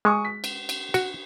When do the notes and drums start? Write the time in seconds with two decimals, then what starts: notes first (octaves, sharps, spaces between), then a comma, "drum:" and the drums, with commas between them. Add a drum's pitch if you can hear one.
0.05 G#3 G#5 C#6 D#6
0.25 B6
0.44 drum: cymbal
0.69 drum: cymbal
0.94 F#4, drum: cymbal